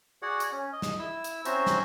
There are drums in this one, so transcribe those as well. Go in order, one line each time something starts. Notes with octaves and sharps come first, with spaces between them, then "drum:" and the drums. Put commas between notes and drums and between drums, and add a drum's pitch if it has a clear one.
F#4 G#4 D5 F#5
drum: hi-hat
C#4
D#5
drum: snare
E4 E6
drum: hi-hat
C4 C#4 F#4 C5 E5 A#5, drum: hi-hat
drum: snare